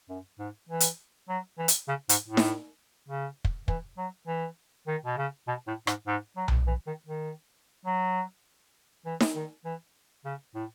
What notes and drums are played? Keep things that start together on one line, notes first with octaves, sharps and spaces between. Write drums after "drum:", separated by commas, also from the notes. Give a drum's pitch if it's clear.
F#2
G#2
E3
drum: hi-hat
F#3
E3
drum: hi-hat
C#3
G#2, drum: hi-hat
A2
drum: snare D#4
C#3
drum: kick
E3, drum: kick
F#3
E3
D#3
B2
C#3
B2
A2
G#2, drum: rim click
G#2
F#3
drum: tom B1
E3
D#3
D#3
F#3
E3
drum: snare D#4
D#3
E3
C#3
A2